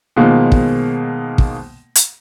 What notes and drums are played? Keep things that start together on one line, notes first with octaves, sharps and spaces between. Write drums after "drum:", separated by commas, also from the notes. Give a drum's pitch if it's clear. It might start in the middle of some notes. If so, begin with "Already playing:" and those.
B2 D#3 F3 G#3 A#3
drum: kick
drum: kick
drum: hi-hat